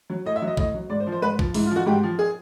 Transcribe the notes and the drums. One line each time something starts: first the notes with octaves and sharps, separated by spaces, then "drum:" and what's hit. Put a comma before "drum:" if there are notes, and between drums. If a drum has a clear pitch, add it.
F#3
A2 D#5
E5
F#3
D#5
A2 D#5, drum: kick
F#3
G#2 D5
C5
F3
C5
G#2 B4
F3, drum: kick
G#2 E4, drum: open hi-hat
F4
F3 F#4
G#2 G4
F3
G#4